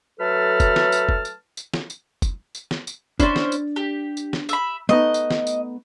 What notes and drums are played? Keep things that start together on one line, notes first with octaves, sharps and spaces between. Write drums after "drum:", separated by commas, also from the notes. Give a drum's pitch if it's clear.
F#3 A3 A4 B4 A5 F6
drum: kick F#1, tambourine
drum: snare
drum: tambourine
drum: kick F#1
drum: tambourine
drum: tambourine
drum: snare
drum: tambourine
drum: kick F#1, tambourine
drum: tambourine
drum: snare
drum: tambourine
C#4 D4 E4 C5 D5, drum: kick F#1, tambourine
drum: snare
drum: tambourine
G4
drum: tambourine
drum: snare
E5 B5, drum: tambourine
A3 B3 D#4 D#5
drum: tambourine
drum: snare
drum: tambourine